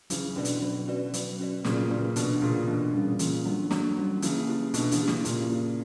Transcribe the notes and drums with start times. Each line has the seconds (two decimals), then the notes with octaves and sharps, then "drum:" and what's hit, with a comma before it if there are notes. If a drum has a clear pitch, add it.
0.10 C#3 E3 F#3, drum: hi-hat
0.36 B2 D3 C#4 F#4 B4 D5
0.45 drum: hi-hat
0.62 F#3
0.87 C#4 F#4 B4 D5
1.14 F#3, drum: hi-hat
1.39 C#4 F#4 B4 D5
1.64 A#2 C#3 F#3, drum: snare
1.90 A#2 C#3 C#4 F#4 B4 D5
2.16 B2 D3 E3, drum: hi-hat
2.42 A#2 C#3 G3 C#4
2.67 B2 D3 E3
2.94 A#2 C#3 G3 C#4
3.19 A#2 C#3 E3, drum: hi-hat
3.45 D3 F#3 G3 C#4
3.71 D3 E3 F#3, drum: snare
3.97 G3 C#4
4.22 C#3 E3 A#3, drum: hi-hat
4.48 E4 G4
4.74 B2 D3 A#3, drum: hi-hat
4.92 C#3 E3, drum: hi-hat
5.00 E4 G4
5.08 C#3 E3, drum: snare
5.25 A#2 C#3 A#3, drum: hi-hat
5.51 E4 G4